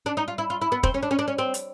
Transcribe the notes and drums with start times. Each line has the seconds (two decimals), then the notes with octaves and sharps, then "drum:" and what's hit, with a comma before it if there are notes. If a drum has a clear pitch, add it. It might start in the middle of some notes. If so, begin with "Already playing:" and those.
0.06 D4
0.17 D#4
0.28 F4
0.38 E4
0.50 F4
0.62 E4
0.72 B3
0.83 C4, drum: kick F1
0.94 C#4
1.03 D4
1.11 C#4
1.19 D4
1.28 C#4
1.38 C4
1.54 drum: hi-hat